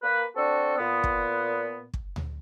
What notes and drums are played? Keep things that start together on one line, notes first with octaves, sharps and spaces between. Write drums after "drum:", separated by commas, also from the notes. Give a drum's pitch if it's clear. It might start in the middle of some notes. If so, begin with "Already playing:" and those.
A#3 B4
C4 D4 F#4 A4
A#2 B3
drum: kick
drum: kick
drum: tom D2